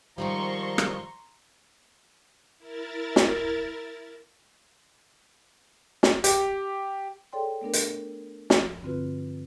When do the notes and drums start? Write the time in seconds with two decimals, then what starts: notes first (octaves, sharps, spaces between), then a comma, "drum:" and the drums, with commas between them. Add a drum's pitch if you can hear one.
0.18 G#2 D#3 F3 G3 A#5 C6 C#6
0.78 drum: rim click
2.58 E4 A#4 A6
3.16 drum: snare
6.03 drum: snare
6.24 G4, drum: hi-hat
7.33 G#4 A4 C#5 D5 G5 C6
7.61 A3 B3 D4 A#4
7.73 drum: hi-hat
8.50 F3, drum: snare
8.82 G2 D3 C4 F4 F#4 B4